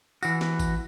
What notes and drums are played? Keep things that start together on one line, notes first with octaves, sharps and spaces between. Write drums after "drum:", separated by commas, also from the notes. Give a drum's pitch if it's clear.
E3 F#4, drum: tambourine
drum: snare B3
drum: kick A1, tambourine